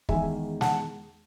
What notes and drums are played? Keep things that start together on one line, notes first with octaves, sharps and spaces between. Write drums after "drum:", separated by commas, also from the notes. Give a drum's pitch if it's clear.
E2 D#3 G#3 E5 G#5, drum: kick
F#5 A5, drum: snare